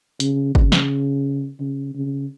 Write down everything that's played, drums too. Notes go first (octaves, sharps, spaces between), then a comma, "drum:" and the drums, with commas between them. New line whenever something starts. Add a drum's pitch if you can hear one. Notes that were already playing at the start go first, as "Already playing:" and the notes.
C#3, drum: hi-hat
C#3, drum: kick G1
drum: snare
C#3
C#3